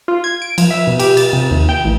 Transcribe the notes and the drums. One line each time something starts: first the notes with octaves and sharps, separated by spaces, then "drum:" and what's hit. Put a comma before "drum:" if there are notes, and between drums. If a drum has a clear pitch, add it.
F4
G#6
D7
F3, drum: cymbal
E5
B2
G4, drum: cymbal
A6, drum: cymbal
C3
D#2
G5
A1